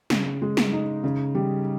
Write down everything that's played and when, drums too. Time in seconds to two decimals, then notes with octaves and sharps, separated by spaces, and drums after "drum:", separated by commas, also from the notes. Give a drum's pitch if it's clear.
0.10 C#3, drum: snare
0.42 G#3
0.57 drum: snare
0.72 D#4
1.04 C#3
1.35 G3